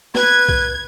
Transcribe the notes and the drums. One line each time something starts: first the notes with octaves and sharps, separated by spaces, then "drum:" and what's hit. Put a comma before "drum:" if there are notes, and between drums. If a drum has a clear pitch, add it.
B4 G#6, drum: snare
drum: kick B1